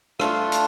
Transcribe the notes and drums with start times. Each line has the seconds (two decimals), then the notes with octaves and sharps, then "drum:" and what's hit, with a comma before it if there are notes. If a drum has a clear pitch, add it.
0.20 A3 D4 F4 F5, drum: rim click
0.52 drum: hi-hat